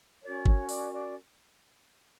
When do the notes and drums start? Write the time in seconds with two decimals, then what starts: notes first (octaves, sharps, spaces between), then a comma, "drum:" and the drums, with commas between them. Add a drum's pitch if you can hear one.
0.22 C#4 F#4 A#4 C#5 D5
0.46 C#5, drum: kick
0.69 D5, drum: open hi-hat
0.93 D5